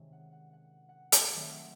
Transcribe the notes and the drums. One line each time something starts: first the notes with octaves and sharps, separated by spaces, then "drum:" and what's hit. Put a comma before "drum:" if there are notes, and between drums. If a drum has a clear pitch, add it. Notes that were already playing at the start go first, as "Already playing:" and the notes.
Already playing: C3 D#3 G#3 C#4 E5
F#5
F#5
F#5
F#5
drum: hi-hat
D#3 F#3 A3 C4 E5
F#5